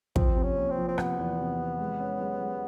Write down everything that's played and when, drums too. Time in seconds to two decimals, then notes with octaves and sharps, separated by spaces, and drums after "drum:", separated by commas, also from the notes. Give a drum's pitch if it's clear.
0.16 F3 C4, drum: kick
0.36 C3
0.43 C#4
0.57 A#3
0.70 C4
0.77 F3
0.88 C4
0.98 C3 B3, drum: rim click
1.18 E2
1.38 C3
1.59 C3
1.79 G#3
2.00 C#4
2.20 G#3
2.41 G#3